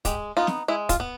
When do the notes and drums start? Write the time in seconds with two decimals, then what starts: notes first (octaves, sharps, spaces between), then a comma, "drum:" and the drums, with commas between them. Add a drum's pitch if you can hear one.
0.05 G#3 G4, drum: kick, hi-hat
0.37 B3 D#4 F4
0.47 drum: snare
0.68 G#3 E4
0.89 F4, drum: kick, hi-hat
1.00 B3